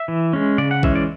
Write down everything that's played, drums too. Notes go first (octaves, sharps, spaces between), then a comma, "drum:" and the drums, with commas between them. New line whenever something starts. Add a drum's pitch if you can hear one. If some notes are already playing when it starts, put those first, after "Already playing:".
Already playing: E5
E3
G#3 C#4
C#3 D5
F#5
E3 G#3 C#4 E5, drum: kick A#1
D5